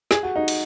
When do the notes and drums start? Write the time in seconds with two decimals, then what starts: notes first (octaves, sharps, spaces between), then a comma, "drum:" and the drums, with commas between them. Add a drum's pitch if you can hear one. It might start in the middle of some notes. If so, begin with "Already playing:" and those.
0.11 G#4, drum: snare
0.23 F#4
0.36 D#4
0.48 drum: cymbal